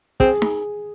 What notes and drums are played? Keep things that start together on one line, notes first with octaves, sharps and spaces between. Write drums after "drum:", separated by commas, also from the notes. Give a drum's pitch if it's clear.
C4 G#4, drum: kick
drum: snare D#4